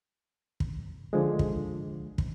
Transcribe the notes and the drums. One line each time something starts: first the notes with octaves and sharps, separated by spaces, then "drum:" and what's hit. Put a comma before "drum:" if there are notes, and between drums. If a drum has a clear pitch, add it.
drum: kick
D3 F3 G#3
drum: kick
drum: kick